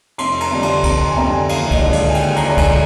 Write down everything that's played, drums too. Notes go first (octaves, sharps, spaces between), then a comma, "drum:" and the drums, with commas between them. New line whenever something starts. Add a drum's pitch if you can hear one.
F1 C6, drum: cymbal
A#5, drum: cymbal
F2 D3 G3 D4
C6, drum: cymbal
F1 A#5, drum: kick C#2, cymbal
C6
G#5
F2 D3 G3 D4 A#5
G#5
D#2 F5, drum: cymbal
D#5, drum: kick C#2, cymbal
D3 G#3 D4
F5, drum: cymbal
G#5
D#2 G5, drum: cymbal
A#5, drum: cymbal
D3 G#3 D4 A#5
G#5, drum: kick C#2, cymbal